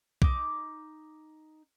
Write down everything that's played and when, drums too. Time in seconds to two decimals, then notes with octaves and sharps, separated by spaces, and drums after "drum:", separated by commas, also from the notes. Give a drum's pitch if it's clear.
0.22 D#4 D6, drum: kick B1